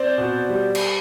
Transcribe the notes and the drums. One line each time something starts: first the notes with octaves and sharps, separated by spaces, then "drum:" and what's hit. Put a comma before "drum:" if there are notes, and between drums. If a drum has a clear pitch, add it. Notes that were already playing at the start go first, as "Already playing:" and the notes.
Already playing: C4 C5 D5
B2
G3
drum: cymbal